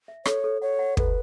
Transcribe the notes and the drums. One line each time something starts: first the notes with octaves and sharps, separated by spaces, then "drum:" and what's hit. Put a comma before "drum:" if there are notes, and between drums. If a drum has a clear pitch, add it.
E5
A4 C#5, drum: rim click
A4
C#5 F#5
F#5
A4 B4, drum: kick